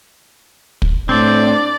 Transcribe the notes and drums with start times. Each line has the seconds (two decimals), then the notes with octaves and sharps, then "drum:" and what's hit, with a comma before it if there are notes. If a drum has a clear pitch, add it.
0.82 drum: kick
1.09 A2 C4 D4 D5